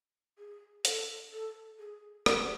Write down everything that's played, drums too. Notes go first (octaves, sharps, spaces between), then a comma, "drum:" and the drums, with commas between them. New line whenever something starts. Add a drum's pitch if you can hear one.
G#4
A4, drum: hi-hat
A4
G#4
G4, drum: rim click